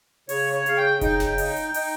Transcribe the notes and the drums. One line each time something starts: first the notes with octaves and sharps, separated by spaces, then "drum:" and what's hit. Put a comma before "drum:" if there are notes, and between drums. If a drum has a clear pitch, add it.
C#3 C#5, drum: open hi-hat
C#5
C#3 F5, drum: hi-hat
G5
D#4 G5, drum: kick F1, hi-hat
drum: snare G1
D#4, drum: open hi-hat
drum: hi-hat
D#4, drum: open hi-hat